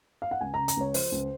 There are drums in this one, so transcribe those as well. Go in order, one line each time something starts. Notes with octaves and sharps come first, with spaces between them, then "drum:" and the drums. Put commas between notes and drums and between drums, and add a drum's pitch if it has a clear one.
F5
F#5
C#2 G#5
A#5
C#3
A#5, drum: hi-hat
C#2 C#5
F3 C5, drum: open hi-hat
C#2